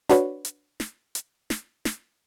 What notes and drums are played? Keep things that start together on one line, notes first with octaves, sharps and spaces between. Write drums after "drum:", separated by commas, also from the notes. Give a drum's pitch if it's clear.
D4 F#4 B4 C#5, drum: snare
drum: hi-hat
drum: snare
drum: hi-hat
drum: snare
drum: snare